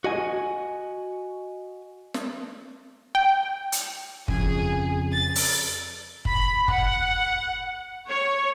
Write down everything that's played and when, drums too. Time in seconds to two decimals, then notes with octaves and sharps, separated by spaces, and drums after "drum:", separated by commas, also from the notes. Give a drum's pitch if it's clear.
0.04 F#4 D#5 G#5
2.14 drum: snare
3.15 G5
3.72 drum: hi-hat
4.28 F2 C#3 G#4, drum: kick
5.13 A6
5.35 drum: open hi-hat
6.25 B5, drum: kick
6.68 F#5, drum: kick
8.08 C#5